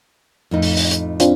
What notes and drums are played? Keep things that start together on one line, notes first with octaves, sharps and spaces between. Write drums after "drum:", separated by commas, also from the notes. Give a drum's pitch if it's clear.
F2 A2 D#4
drum: open hi-hat
drum: open hi-hat
drum: hi-hat
C4 D4 F4, drum: hi-hat